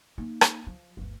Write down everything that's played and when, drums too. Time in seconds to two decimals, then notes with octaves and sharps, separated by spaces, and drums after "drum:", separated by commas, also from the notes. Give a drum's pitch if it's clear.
0.18 A#3 D#4
0.41 drum: rim click
0.67 F3
0.97 G1 D2